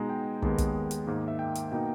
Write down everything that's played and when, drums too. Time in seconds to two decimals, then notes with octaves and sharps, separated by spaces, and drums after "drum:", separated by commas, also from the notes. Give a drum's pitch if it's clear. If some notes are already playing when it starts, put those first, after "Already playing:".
Already playing: B2 G#3 B3 D#4 G#5 A#5
0.09 G5
0.42 D#2 D#3 G#3 B3, drum: kick
0.58 drum: kick, hi-hat
0.91 drum: hi-hat
1.07 G#2 D#3 A#3
1.28 E5
1.39 G5
1.55 drum: hi-hat
1.72 B2 A#3 D#4 G5